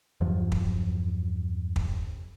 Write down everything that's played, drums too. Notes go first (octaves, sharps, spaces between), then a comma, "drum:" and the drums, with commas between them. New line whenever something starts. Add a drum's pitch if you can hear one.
E2 G2 F3 F#3
drum: kick
drum: kick